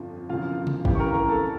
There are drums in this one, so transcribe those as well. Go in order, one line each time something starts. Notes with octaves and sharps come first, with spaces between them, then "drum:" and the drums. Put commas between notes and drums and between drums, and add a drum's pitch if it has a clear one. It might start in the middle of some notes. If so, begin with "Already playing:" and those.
Already playing: G1 F2 D3 F3
E1 E2 C#3 F3 F4 F5
drum: tom C3
C#2 C#3 E3 G4 G5, drum: kick
C#6
A#4 A#5
A#4 A#5
A4 A5